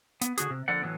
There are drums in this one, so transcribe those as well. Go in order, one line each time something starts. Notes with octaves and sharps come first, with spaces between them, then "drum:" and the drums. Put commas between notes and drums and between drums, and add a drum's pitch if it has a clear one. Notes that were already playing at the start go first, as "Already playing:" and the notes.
B3, drum: hi-hat
D3 F3 F#4 G#4, drum: hi-hat
C3
D3 F3 A#3 D5 F#5
A2 E3 F#3 B3 C4